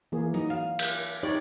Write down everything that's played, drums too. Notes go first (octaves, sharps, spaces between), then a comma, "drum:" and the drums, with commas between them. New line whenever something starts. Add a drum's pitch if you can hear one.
E3 A#3 G#4
F#3 D#4
F5
drum: cymbal
D#4 G4 C#5 D5